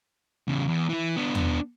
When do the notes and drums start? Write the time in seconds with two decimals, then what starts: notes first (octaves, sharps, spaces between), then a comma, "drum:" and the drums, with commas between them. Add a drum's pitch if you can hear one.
0.48 E2 C#3
0.68 E2
0.89 E3 E4
1.17 B3 D4
1.35 drum: tom